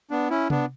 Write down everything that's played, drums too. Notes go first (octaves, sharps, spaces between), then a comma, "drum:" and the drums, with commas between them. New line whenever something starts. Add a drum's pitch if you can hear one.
B3 D4
C#4 E4
B3 D4, drum: tom C3